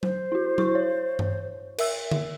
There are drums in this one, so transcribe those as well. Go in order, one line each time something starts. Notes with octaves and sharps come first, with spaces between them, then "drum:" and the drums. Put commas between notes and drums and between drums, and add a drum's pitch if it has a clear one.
C5, drum: tom F#3
E4 F#4
E4 C#6, drum: tom F#3
C#5
drum: tom G2
A#4 E5 E6, drum: cymbal
drum: tom D3